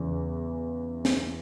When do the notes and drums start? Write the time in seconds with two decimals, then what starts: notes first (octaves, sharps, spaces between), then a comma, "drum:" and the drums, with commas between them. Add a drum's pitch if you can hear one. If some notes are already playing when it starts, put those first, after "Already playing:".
Already playing: E2 C#3 E3
1.05 drum: snare